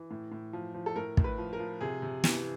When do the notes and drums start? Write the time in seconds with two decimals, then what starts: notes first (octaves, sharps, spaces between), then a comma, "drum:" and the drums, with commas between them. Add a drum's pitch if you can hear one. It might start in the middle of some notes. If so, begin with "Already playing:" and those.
Already playing: E3
0.11 A2
0.32 A2
0.53 F3
0.74 F3
0.86 A4
0.96 A2 A#4
1.17 A2, drum: kick
1.24 B4
1.38 F3
1.53 A#4
1.59 F3
1.81 C3 G#4
2.02 C3
2.24 E3, drum: snare